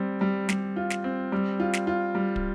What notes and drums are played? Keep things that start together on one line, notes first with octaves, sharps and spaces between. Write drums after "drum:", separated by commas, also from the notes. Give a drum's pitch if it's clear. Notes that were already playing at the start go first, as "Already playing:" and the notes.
Already playing: G3 C4
G3
G3, drum: snare
F4
drum: snare
C4
G3
F4
drum: snare
F4
G3
drum: kick